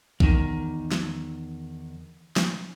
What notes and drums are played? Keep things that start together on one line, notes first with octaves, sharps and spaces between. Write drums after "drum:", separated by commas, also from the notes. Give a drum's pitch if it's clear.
E2 D#3, drum: kick A#1
drum: snare
drum: snare